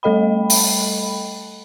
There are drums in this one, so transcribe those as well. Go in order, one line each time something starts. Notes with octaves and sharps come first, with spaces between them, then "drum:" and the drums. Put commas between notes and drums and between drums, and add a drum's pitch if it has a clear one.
G3 A3 A4 D#5 G5 B5
drum: open hi-hat